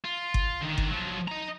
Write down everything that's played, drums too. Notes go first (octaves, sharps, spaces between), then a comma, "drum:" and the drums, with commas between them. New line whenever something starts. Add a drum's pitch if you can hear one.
F4
drum: kick G1
D3 D#3
drum: kick G1
F3 F#3
D#5 A#5